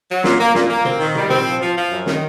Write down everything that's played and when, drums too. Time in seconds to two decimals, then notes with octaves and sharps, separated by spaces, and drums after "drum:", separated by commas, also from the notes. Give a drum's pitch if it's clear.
0.09 F#3
0.24 A#2, drum: snare
0.39 A#3
0.55 A#2, drum: snare
0.69 A#3
0.85 C4, drum: tom
1.00 D#3
1.15 G3, drum: tom
1.30 C4, drum: tom
1.45 F3
1.61 F3
1.75 F3
1.91 F#2
2.06 D#3, drum: snare